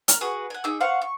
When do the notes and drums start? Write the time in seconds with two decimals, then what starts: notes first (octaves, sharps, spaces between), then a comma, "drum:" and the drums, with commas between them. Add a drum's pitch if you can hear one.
0.08 A#4, drum: hi-hat
0.21 F#4 G#4 B4
0.50 F#5 G#5
0.64 D#4 G#4 D6 E6
0.80 C5 F5 F#5 C#6
1.02 C#6